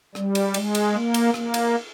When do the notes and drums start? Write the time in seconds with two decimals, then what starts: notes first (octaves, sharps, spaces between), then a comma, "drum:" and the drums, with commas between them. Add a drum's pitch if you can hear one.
0.15 G3, drum: rim click
0.35 drum: cymbal
0.54 G#3, drum: cymbal
0.75 drum: cymbal
0.95 A#3
1.14 drum: cymbal
1.34 A#3, drum: rim click
1.54 drum: cymbal